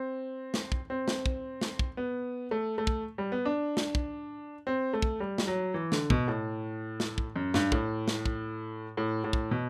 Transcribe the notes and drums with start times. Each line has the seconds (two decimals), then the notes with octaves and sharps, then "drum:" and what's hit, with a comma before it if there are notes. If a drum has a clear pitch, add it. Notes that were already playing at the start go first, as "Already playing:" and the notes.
Already playing: C4
0.54 drum: snare
0.72 drum: kick
0.90 C4
1.08 drum: snare
1.26 drum: kick
1.61 drum: snare
1.79 drum: kick
1.97 B3
2.51 A3
2.78 A3
2.87 drum: kick
3.18 G3
3.32 B3
3.45 D4
3.77 drum: snare
3.95 drum: kick
4.67 C4
4.93 A3
5.02 drum: kick
5.20 G3
5.38 drum: snare
5.47 F#3
5.74 E3
5.92 D3, drum: snare
6.10 B2, drum: kick
6.28 A2
7.00 drum: snare
7.18 drum: kick
7.36 F#2
7.54 G2, drum: snare
7.72 A2, drum: kick
8.08 drum: snare
8.26 drum: kick
8.97 A2
9.24 A2
9.33 drum: kick
9.51 B2